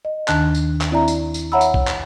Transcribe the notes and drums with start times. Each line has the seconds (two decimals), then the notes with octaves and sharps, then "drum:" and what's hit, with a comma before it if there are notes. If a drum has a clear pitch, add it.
0.05 D#5
0.28 D#2 D#3 D4 A5 F#6, drum: clap
0.55 drum: tambourine
0.81 drum: clap
0.91 C4 E4 D5 E5 A#5
1.08 drum: tambourine
1.34 drum: tambourine
1.52 C#5 E5 F#5 A#5 B5 E6
1.61 drum: tambourine
1.74 drum: kick A#1
1.87 drum: clap